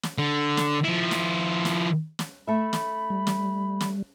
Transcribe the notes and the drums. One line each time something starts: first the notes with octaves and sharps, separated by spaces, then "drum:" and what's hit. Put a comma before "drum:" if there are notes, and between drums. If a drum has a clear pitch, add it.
drum: snare
D3
drum: snare
F3 E4
drum: snare
drum: snare
drum: snare
A3 E5 B5
drum: snare
G3
drum: snare
drum: snare